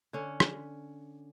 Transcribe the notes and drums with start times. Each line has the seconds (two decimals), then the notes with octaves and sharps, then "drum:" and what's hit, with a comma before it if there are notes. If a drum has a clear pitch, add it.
0.13 D3 C#4
0.40 drum: rim click